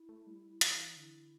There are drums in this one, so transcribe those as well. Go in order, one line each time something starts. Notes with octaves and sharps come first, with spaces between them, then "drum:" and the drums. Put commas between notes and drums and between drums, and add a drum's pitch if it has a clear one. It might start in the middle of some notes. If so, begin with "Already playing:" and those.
Already playing: E4
A3
G3
E3, drum: hi-hat
D3 E4